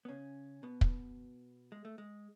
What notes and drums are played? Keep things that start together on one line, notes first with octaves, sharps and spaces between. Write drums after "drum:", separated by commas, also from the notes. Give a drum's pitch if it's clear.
B3
C#3 C#4
B2 B3
drum: kick
G#3
A3
G#3